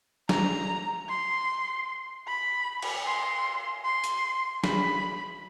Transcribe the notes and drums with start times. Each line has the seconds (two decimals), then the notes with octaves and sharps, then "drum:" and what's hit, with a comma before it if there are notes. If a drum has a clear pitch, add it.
0.29 A#5, drum: snare
1.08 C6
2.28 B5
2.82 drum: cymbal
3.06 C6
3.85 C6
4.04 drum: hi-hat
4.64 B5, drum: snare